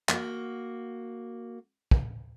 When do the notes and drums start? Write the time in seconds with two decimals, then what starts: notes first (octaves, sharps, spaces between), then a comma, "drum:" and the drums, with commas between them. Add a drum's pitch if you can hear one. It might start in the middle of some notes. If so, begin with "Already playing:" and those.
0.09 A#3 F#4, drum: clap
1.91 drum: kick